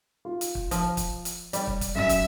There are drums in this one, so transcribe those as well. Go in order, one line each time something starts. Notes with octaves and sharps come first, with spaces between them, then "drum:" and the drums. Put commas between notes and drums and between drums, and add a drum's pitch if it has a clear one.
F4
drum: hi-hat
drum: kick
F3, drum: kick, hi-hat
drum: kick, hi-hat
drum: hi-hat
G3 D5, drum: hi-hat
drum: kick
drum: kick, hi-hat
F#2 E5
drum: kick, hi-hat